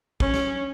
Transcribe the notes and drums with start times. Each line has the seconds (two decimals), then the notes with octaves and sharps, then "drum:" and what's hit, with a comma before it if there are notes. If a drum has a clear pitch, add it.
0.20 C#4, drum: kick
0.34 drum: snare